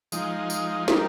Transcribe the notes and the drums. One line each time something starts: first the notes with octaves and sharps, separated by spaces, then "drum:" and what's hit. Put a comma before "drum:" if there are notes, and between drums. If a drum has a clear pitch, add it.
F3 G#3 D#4, drum: tambourine
drum: tambourine
G3 A#3 D#4, drum: snare